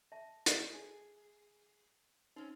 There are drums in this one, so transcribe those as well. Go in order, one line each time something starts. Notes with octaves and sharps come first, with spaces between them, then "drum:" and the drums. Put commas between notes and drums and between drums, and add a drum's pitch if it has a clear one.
E5 A5
drum: hi-hat
G#4
C4 C#4 D#4